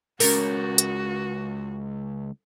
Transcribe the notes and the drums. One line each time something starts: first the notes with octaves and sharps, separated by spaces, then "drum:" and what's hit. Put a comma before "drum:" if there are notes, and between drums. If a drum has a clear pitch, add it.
C#2 C#4 F#4 A#4 A6 C#7, drum: open hi-hat
drum: hi-hat